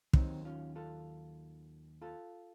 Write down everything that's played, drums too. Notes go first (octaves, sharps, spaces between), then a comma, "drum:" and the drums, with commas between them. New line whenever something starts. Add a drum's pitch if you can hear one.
D#2 D#3 F#3 C4 D#4, drum: kick
C#4 F4
F4 A4
F4 A4